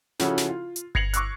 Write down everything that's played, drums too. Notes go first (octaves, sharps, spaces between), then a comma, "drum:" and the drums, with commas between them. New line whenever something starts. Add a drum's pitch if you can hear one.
C#3 F3 C#4 E4 F#4 A4, drum: snare
drum: snare
F4
drum: hi-hat
G#6 A#6 C7 C#7 F7 F#7, drum: kick G1
C#6 D6 E6 F#6, drum: hi-hat